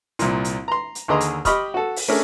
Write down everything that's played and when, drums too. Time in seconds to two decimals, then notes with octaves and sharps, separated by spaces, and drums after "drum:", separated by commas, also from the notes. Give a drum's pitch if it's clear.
0.19 C2 A#2, drum: hi-hat
0.45 drum: hi-hat
0.68 A#5 C6
0.95 drum: hi-hat
1.08 D#2 D3 G#4 D#5 A#5 C6
1.20 drum: hi-hat
1.45 G4 D#5 B5 C#6 D#6 F6, drum: kick, hi-hat
1.74 F#4 A4
1.96 drum: open hi-hat
2.08 A3 C#4 D4 G#4 A#4